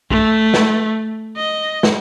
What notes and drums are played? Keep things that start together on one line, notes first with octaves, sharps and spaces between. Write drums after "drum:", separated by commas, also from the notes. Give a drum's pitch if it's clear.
A3, drum: kick
drum: snare
D#5
drum: snare